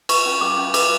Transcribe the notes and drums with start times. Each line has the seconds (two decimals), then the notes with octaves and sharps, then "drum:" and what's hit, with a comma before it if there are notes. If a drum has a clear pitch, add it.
0.09 B4 C#6, drum: cymbal
0.26 C#4
0.41 C#4 D6
0.58 C#4
0.74 B4 D6, drum: cymbal